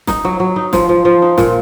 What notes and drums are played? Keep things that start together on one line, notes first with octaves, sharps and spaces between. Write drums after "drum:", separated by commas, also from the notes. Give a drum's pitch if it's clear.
D#4, drum: snare
F#3
F#3
D#4
F3, drum: snare
F3
F3
D#4
A#2, drum: snare